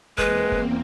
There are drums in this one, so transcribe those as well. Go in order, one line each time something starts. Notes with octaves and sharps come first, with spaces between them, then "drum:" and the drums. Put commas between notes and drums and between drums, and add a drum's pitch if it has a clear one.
E2 G#3 A#3 C4 B4, drum: kick
drum: kick